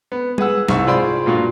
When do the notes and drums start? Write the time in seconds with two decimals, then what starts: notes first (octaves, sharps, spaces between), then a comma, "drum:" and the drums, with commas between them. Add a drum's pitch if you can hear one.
0.12 B3
0.38 G#4 B4 F#5 E6, drum: tom G3
0.68 C2 G#2 C#6 E6, drum: snare
0.86 F4 G#4 C5 D5 B5 C6
1.26 G2 A#2 F4 F#4